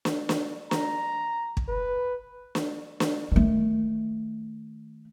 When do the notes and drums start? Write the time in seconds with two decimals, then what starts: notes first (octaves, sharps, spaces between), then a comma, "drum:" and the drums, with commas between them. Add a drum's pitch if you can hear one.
0.05 drum: snare
0.29 drum: snare
0.71 A#5, drum: snare
1.57 drum: kick
1.69 B4
2.55 drum: snare
3.00 drum: snare
3.32 D#3 A3